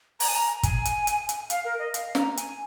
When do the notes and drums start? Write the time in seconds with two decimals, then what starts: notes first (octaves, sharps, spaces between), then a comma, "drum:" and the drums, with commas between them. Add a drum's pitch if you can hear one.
0.20 A#5, drum: open hi-hat
0.28 G#5
0.35 A#5
0.63 G#5, drum: kick, hi-hat
0.85 drum: hi-hat
1.07 drum: hi-hat
1.29 drum: hi-hat
1.50 F5, drum: hi-hat
1.65 A#4
1.79 D#5
1.94 F5, drum: hi-hat
2.15 A#5, drum: snare
2.37 G#5, drum: hi-hat